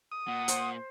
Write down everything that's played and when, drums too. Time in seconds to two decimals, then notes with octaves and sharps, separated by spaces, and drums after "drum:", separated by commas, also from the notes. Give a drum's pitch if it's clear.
0.12 D#6
0.28 A#2 F#5
0.48 C5, drum: hi-hat